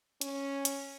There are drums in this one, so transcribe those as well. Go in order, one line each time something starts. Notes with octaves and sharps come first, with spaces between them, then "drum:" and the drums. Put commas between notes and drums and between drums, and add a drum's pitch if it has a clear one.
C#4, drum: hi-hat
drum: hi-hat